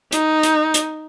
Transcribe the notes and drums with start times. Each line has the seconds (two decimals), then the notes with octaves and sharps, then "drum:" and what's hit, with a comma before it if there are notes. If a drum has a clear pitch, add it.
0.12 D#4, drum: hi-hat
0.43 drum: hi-hat
0.74 drum: hi-hat